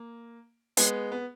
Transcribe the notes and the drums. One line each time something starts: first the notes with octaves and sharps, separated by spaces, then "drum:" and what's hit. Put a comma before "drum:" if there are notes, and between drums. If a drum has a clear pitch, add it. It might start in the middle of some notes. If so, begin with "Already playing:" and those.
Already playing: A#3
G#3 B3, drum: hi-hat
B3